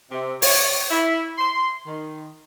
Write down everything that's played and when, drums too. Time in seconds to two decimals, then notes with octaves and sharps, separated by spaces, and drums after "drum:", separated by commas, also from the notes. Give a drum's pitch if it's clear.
0.11 C3
0.42 C#5, drum: open hi-hat
0.91 E4
1.38 C6
1.87 D#3